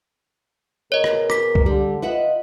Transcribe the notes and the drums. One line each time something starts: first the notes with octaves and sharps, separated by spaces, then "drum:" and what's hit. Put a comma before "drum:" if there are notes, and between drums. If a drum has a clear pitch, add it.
B2 G#4 A#4 C#5 D#5
drum: rim click
D6 B6, drum: rim click
drum: kick C2
D3 G3
F4 B4 D#5 E5 F#5